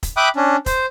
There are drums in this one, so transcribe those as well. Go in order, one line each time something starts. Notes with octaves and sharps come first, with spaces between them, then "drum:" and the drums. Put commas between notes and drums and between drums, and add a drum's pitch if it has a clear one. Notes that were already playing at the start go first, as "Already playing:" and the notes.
drum: kick, hi-hat
E5 G5 B5 D6 D#6 F#6
C#4 D4
C5, drum: kick, hi-hat